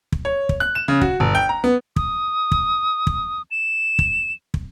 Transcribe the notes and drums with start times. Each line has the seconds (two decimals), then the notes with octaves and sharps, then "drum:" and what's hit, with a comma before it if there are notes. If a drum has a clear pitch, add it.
0.12 drum: kick
0.25 C#5
0.49 drum: kick
0.60 F#6
0.75 E7
0.88 C#3
1.01 F#4, drum: kick
1.20 G1
1.35 G5
1.49 A#5
1.64 B3
1.96 D#6, drum: kick
2.52 drum: kick
3.07 drum: kick
3.51 E7
3.99 drum: kick
4.54 drum: kick